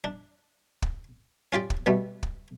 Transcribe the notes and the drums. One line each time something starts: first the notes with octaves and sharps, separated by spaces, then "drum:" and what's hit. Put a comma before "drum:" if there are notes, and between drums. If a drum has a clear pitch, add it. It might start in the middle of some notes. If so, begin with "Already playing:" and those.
D4
drum: kick
C#4 F4 G4 D5
drum: kick
B2 G3 A3
drum: kick